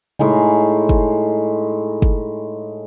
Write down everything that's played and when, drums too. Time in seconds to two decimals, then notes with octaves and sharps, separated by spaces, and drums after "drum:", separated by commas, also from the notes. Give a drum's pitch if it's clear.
0.19 A2 G#3 D#4 G#5, drum: tom C3
0.89 drum: kick
2.02 drum: kick